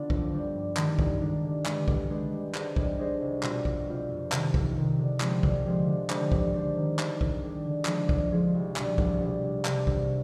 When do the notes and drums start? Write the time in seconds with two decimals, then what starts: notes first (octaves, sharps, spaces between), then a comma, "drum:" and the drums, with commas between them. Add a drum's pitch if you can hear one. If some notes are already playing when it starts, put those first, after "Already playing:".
Already playing: D3 B3 D4 F4
0.10 F2, drum: kick B1
0.32 D3 G3 D4
0.54 G2
0.77 D#3 G#3 D4 G4, drum: clap
0.99 G2, drum: kick B1
1.21 D#3 G#3 D4 G4
1.43 D3
1.66 G#3 D4 G4 B4, drum: clap
1.88 D3, drum: kick B1
2.10 G#3 D4 G4 B4
2.32 G3
2.54 D4 G#4 C5 D#5, drum: clap
2.76 G3, drum: kick B1
2.99 D4 G#4 C5 D#5
3.21 C2
3.43 B2 G3 C4 F4, drum: clap
3.65 C2, drum: kick B1
3.88 B2 G3 C4 F4
4.10 F2
4.32 C3 D#3, drum: clap
4.54 F2, drum: kick B1
4.76 C3 D#3
4.98 D3
5.20 F3 G#3 C4 G4, drum: clap
5.43 D3, drum: kick B1
5.65 F3 G#3 C4 G4
5.87 D3
6.10 G#3 D4 G4 C5, drum: clap
6.32 D3, drum: kick B1
6.52 G#3 D4 G4 C5
6.77 D#3
6.99 G3 D4 G#4, drum: clap
7.21 D#3, drum: kick B1
7.43 G3 D4 G#4
7.65 D3
7.85 F3 G#3 D4 G#4, drum: clap
8.09 D3, drum: kick B1
8.32 F3 G#3 D4 G#4
8.54 C2
8.76 B2 G3 D4 G#4, drum: clap
8.98 C2, drum: kick B1
9.21 B2 G3 D4 G#4
9.43 C2
9.65 C3 G3 D4 G4, drum: clap
9.87 C2, drum: kick B1